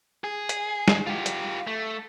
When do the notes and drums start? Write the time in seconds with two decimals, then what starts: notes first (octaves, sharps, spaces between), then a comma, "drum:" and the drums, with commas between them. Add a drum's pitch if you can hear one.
0.24 G#4
0.49 drum: hi-hat
0.88 drum: snare
1.07 F4 G4
1.26 drum: hi-hat
1.67 A3